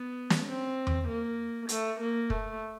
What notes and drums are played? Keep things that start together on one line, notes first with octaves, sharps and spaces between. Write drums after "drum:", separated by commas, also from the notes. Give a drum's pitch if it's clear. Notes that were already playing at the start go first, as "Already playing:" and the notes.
Already playing: B3
drum: snare
C4
drum: tom E2
A#3
A3, drum: hi-hat
A#3
A3, drum: kick